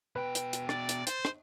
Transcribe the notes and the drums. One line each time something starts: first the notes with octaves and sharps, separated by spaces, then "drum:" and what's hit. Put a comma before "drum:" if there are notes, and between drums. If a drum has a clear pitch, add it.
B2 B4 G5
drum: hi-hat
drum: hi-hat
D5 A6, drum: rim click
drum: hi-hat
C5, drum: hi-hat
drum: rim click